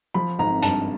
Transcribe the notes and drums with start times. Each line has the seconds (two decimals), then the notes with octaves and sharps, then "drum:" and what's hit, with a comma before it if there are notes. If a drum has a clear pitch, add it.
0.14 F3 B5
0.39 G#1 A#5
0.62 G2 A5, drum: hi-hat